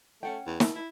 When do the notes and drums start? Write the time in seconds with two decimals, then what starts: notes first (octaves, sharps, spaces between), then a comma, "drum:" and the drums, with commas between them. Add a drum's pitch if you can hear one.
0.23 A3 C#4 F#5 G5
0.46 E2
0.60 D#3, drum: snare
0.75 E4